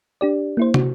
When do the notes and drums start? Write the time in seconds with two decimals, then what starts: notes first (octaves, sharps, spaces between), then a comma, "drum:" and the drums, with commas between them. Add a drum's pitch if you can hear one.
0.21 D4 G4 D5
0.57 A#3 E4 C5
0.74 F#4, drum: tom